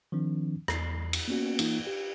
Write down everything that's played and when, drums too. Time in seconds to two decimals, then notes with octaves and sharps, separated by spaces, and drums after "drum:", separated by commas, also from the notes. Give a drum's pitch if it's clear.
0.12 D#3 F3 C4 D4
0.68 E2 C7, drum: rim click
1.13 drum: cymbal
1.28 A#3 B3 C#4 F#4
1.59 E3 A#3 D#4 F4, drum: cymbal
1.87 G4